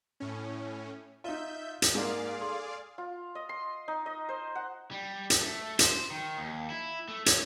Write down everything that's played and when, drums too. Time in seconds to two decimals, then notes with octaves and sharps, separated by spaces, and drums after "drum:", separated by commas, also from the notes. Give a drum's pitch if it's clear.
0.20 A2 C#4
1.24 D#4 F4 E5 G6
1.82 drum: hi-hat
1.95 G#2 A#3 G#4 D5 F5
2.40 A4 C6
2.98 F4
3.35 D#5
3.49 C6
3.88 D#4
4.06 D#5
4.29 C5
4.55 F#5
4.91 G3
5.30 drum: hi-hat
5.41 A3
5.79 C5, drum: hi-hat
6.11 D#3
6.38 D#2
6.70 E4
7.08 A3
7.26 C#5, drum: hi-hat